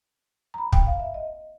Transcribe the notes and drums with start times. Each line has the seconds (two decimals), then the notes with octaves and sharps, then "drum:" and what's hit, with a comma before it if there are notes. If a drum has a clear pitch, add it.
0.54 A#5
0.58 B5
0.72 G5, drum: kick
0.87 F5
1.00 E5
1.14 D#5